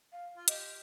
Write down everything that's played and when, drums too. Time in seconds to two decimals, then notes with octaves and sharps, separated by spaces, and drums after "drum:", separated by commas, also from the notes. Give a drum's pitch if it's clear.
0.12 F5
0.37 F4
0.48 G4 D#5, drum: hi-hat